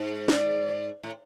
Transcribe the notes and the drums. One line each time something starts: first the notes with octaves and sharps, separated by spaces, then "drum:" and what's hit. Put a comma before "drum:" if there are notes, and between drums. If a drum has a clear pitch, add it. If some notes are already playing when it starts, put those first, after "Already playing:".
Already playing: G#2
D5, drum: snare
A2